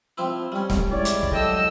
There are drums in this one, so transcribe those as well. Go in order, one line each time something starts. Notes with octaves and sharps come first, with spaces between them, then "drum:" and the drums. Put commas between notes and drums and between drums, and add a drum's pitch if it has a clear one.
F3 C4 E4
G3 C#4
drum: snare
G#3 E4 C#5 D5
drum: hi-hat
drum: kick
F#3 A4 D#5 G5 E6